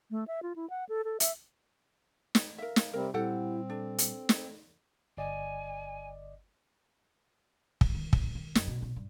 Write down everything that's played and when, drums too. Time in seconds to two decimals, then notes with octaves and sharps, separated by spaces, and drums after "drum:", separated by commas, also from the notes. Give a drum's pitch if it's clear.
0.11 A3
0.28 E5
0.43 F4
0.56 E4
0.70 F#5
0.89 A4
1.04 A4
1.20 E5, drum: hi-hat
2.35 drum: snare
2.58 A#4 E5 F5
2.76 drum: snare
2.93 C3 G3 C4 A#4
3.14 A#2 G3 C4 E4 G4 A4 F#5
3.70 D4 A4
3.98 drum: hi-hat
4.29 drum: snare
5.17 G1 D5 D#5 G#5
7.81 drum: kick
7.95 D#3
8.13 A#1, drum: kick
8.35 D#3
8.55 F#2, drum: snare
8.67 B2
8.82 B2
8.96 G2